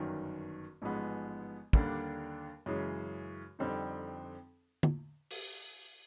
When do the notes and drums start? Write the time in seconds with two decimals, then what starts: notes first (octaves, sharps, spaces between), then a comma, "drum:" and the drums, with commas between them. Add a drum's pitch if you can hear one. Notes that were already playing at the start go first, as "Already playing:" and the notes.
Already playing: G1 F#2 D#3
0.82 A1 G#2 F3 G#3 B3
1.73 D#2 D3 G3 A#3 D4, drum: kick
1.92 drum: tambourine
2.66 F#2 C#3 E3 G#3
3.59 F2 D3 G3 C4 D#4
4.83 drum: tom D3
5.31 drum: open hi-hat